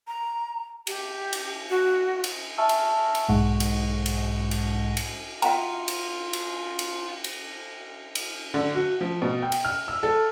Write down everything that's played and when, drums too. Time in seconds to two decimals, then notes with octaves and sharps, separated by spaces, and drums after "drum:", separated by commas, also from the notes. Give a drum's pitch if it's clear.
0.08 A#5
0.87 G4, drum: cymbal
1.33 drum: cymbal
1.70 F#4
2.24 drum: cymbal
2.58 E5 G#5 A5 C#6 E6 F6
2.69 drum: cymbal
3.15 drum: cymbal
3.28 B1 G#2 G#3 F#5 C#6
3.60 drum: cymbal
4.06 drum: cymbal
4.51 drum: cymbal
4.97 drum: cymbal
5.42 F4 E5 F#5 G5 A#5, drum: cymbal
5.88 drum: cymbal
6.33 drum: cymbal
6.79 drum: cymbal
7.24 drum: cymbal
8.15 drum: cymbal
8.54 D3
8.75 F#4
9.01 F3
9.22 B2
9.42 G5
9.52 drum: cymbal
9.65 F6
9.88 E6
10.03 A4